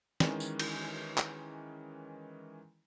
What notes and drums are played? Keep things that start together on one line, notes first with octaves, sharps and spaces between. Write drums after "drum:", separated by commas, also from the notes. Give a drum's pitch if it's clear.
D#3 E3 G#3 C#4, drum: snare
drum: tambourine
drum: cymbal
drum: clap